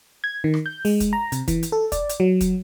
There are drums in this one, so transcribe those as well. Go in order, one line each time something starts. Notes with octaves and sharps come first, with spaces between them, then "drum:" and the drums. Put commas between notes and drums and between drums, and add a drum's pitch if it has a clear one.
G#6
D#3
drum: rim click
G6
G#3, drum: open hi-hat
drum: kick, hi-hat
A#5
C3, drum: hi-hat
E3, drum: kick, hi-hat
drum: hi-hat
A4
D5, drum: kick, hi-hat
drum: hi-hat
F#3
drum: kick, hi-hat